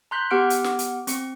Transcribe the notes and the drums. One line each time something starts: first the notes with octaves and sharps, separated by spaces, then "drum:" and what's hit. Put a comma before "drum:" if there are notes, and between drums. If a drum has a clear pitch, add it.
A#5 C6 F#6 G6 B6
B3 G4 F#5 C#6 F6 D7
drum: hi-hat
drum: snare
drum: hi-hat
C4 C#6 C#7, drum: hi-hat